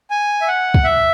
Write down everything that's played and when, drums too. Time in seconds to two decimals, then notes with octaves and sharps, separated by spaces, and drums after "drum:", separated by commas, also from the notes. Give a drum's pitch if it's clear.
0.10 G#5
0.41 E5
0.48 F#5
0.74 drum: kick
0.84 E5